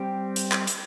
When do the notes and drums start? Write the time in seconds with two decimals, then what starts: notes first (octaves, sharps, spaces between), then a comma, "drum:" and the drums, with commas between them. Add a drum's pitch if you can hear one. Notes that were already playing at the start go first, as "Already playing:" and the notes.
Already playing: G3 C4 G4
0.36 drum: hi-hat
0.52 drum: clap
0.67 drum: hi-hat